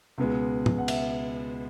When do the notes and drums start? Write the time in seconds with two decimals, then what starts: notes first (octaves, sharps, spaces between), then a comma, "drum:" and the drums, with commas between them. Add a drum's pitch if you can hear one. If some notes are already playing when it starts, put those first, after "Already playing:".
0.18 C#2 B2 G#3 B3
0.66 drum: tom G#2
0.78 F#5
0.88 E5, drum: cymbal